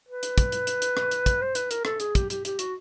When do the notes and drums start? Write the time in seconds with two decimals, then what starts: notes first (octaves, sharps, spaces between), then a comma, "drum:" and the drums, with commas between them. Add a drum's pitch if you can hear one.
0.09 B4
0.23 drum: hi-hat
0.38 drum: kick, hi-hat
0.52 drum: hi-hat
0.67 drum: hi-hat
0.82 drum: hi-hat
0.97 drum: rim click
1.11 drum: hi-hat
1.26 drum: kick, hi-hat
1.41 C5
1.55 B4, drum: hi-hat
1.71 A#4, drum: hi-hat
1.85 A4, drum: rim click
2.00 G#4, drum: hi-hat
2.15 G4, drum: kick, hi-hat
2.30 G4, drum: hi-hat
2.45 G4, drum: hi-hat
2.59 F#4, drum: hi-hat